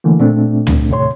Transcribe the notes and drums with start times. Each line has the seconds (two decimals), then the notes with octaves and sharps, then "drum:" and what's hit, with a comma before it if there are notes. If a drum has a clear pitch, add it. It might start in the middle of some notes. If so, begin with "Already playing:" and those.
0.04 D3 E3 A3 A#3
0.19 A#2 A3 C4 D4
0.67 drum: tom
0.90 D#2 A2 C3 C#5 C6